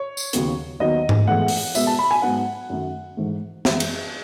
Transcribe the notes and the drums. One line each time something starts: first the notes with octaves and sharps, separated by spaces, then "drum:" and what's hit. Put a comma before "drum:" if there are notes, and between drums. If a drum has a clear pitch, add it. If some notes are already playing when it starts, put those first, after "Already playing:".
Already playing: C#5
drum: tambourine
D#2 C#3 F#3 B3, drum: hi-hat
D#2 D#3 F#3 B3 D#5
drum: tom G#2
A2 E3 G#3 B3 F#5
drum: open hi-hat
B2 G#3 B3 E5, drum: tambourine
A5
B5
G#5
G#2 F#3 B3 F#5
F#2 D#3 A3
G#2 E3 A3
F#2 E3 G#3 B3 E5, drum: snare
drum: cymbal